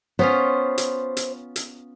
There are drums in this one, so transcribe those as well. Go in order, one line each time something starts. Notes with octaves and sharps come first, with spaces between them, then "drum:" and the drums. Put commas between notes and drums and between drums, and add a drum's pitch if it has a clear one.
B3 C#4 F4 C5
drum: hi-hat
drum: hi-hat
drum: hi-hat